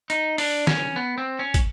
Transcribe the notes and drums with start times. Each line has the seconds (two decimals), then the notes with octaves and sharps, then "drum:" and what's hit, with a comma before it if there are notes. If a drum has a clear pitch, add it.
0.10 D#4, drum: hi-hat
0.38 D4, drum: open hi-hat
0.67 C#4, drum: snare
0.96 B3
1.18 C4
1.39 C#4
1.54 drum: kick, hi-hat